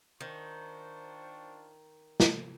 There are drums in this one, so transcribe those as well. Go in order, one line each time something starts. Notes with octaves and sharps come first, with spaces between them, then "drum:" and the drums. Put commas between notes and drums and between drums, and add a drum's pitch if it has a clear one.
D#3 D4 F4 C5 C#6
drum: snare